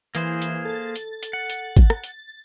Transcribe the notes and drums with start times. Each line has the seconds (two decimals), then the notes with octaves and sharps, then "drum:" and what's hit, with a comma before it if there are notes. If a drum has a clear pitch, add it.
0.15 E3 A#3 G#4 C5, drum: hi-hat
0.42 drum: hi-hat
0.65 A4 A6
0.96 drum: hi-hat
1.23 drum: hi-hat
1.33 F#5
1.50 drum: hi-hat
1.77 drum: kick, hi-hat
1.90 drum: rim click
2.04 drum: hi-hat